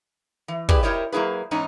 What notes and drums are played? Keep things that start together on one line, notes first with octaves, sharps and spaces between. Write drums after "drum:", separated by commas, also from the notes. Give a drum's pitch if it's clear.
E3
E4 G4 G#4 B4 D5, drum: kick
E4 G4 A#4 C5 C#5 D#5
F#3 A#3 E4 G#4 B4
E2 G#2 C#4 D#4